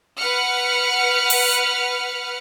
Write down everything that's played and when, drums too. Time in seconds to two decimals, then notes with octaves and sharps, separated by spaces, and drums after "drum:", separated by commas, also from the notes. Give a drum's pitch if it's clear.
0.17 B4 F#5 F6 C#7
1.30 drum: open hi-hat